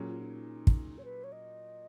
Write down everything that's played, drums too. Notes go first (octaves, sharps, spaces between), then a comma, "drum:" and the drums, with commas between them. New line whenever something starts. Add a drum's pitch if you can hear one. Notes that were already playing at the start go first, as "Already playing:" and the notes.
Already playing: A#2 F#3 C#4 G#4
F4
D#4
drum: kick
C#5
B4
C#5
D#5